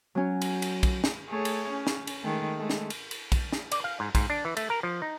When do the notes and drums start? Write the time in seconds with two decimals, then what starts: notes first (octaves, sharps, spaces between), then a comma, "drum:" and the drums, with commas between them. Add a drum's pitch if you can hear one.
0.15 F#3 C#4
0.42 drum: cymbal
0.62 drum: cymbal
0.83 drum: kick, cymbal
1.04 drum: snare
1.29 A3 G#4 C#5
1.45 drum: cymbal
1.69 C#4
1.87 drum: snare
2.07 drum: cymbal
2.24 D#3 G#3 A3
2.57 G#3 A3
2.70 drum: snare
2.90 drum: cymbal
3.11 drum: cymbal
3.32 drum: kick, cymbal
3.52 drum: snare
3.72 D5, drum: cymbal
3.84 F5
4.00 G#2
4.15 G#2, drum: kick, cymbal
4.30 D4
4.45 E3
4.57 A3, drum: cymbal
4.70 A#4
4.83 F3
5.02 D#4